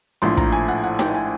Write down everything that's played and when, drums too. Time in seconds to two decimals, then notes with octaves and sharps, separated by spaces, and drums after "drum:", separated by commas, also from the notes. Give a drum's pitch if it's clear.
0.22 A#1 A2 F3 C6
0.37 A#5, drum: kick
0.52 G#5
0.68 F#5
0.84 F#5
0.99 G5, drum: snare D#4
1.15 G#5